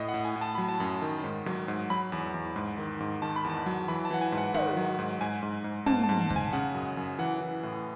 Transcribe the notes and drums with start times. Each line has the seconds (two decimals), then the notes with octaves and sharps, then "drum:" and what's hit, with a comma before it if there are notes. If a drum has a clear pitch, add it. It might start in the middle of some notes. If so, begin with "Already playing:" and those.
Already playing: A2 D#5
0.09 F#5
0.14 A2
0.25 G#5
0.36 A2
0.41 A5, drum: hi-hat
0.55 F#3 B5
0.69 A5
0.80 F#2
1.02 D#3
1.24 G#2
1.46 F#3, drum: snare
1.68 G#2
1.90 F#3 B5
2.12 E2
2.34 E2
2.56 G#2
2.78 D#3
3.00 G#2
3.22 D#3 A5
3.36 B5
3.44 E2
3.50 A5
3.66 F#3
3.88 E3 B5
4.05 A5
4.11 E3 F#5
4.21 G#5
4.32 G#2
4.38 F#5
4.54 D#3 F#5, drum: tom
4.76 F#3
4.99 G#2
5.21 G#2 G#5
5.43 G#2
5.64 G#2
5.86 G#2 A5, drum: tom
6.03 A5
6.09 G#2
6.20 A5
6.30 G#2, drum: kick
6.36 G#5
6.53 C#3 F#5
6.75 F#2
6.97 F#2
7.19 E3 F#5
7.41 E3
7.63 A2